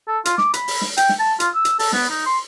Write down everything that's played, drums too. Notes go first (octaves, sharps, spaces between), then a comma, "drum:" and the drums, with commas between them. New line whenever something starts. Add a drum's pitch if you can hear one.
A4
F4, drum: hi-hat
D6, drum: snare
B5, drum: hi-hat
drum: open hi-hat
drum: snare
G5, drum: hi-hat
drum: snare
A5
F4, drum: hi-hat
E6
drum: hi-hat
A4, drum: open hi-hat
B3, drum: snare
D#4
C6